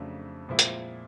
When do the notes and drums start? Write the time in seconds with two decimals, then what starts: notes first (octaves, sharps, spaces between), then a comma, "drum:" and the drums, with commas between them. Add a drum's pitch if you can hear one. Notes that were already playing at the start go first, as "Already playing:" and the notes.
Already playing: F2 C#3 F#3 A3 D4
0.49 A#2 F3 G#3 C4 E4
0.59 drum: hi-hat